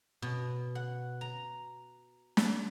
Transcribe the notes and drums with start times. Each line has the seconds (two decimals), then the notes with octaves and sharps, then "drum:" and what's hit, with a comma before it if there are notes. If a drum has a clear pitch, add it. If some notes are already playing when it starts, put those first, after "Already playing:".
0.22 B2
0.75 F#5
1.21 A#5
2.37 drum: snare